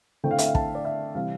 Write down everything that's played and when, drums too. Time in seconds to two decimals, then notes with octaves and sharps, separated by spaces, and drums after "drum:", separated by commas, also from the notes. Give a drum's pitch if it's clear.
0.24 D3 A3 C4 E4 G5
0.31 F5
0.38 E5, drum: hi-hat
0.46 F5
0.55 A5, drum: kick
0.75 D5
0.85 E5
1.15 C3 E3 G3 C4 E4 F5